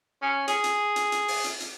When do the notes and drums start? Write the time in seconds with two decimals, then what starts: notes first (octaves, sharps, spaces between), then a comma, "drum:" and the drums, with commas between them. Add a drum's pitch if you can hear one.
0.22 C#4
0.48 G#4, drum: hi-hat
0.64 drum: hi-hat
0.96 drum: hi-hat
1.12 drum: hi-hat
1.28 drum: open hi-hat
1.44 drum: hi-hat
1.60 drum: hi-hat